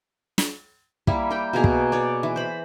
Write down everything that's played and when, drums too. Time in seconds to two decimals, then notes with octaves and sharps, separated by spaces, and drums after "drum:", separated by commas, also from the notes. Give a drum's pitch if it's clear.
0.38 drum: snare
1.07 G3 A#3 E4, drum: kick
1.30 A#4 G5
1.53 B2 A#3 G#4 A#5
1.64 drum: kick
1.92 C#5 D5
2.23 E3
2.36 C5 B5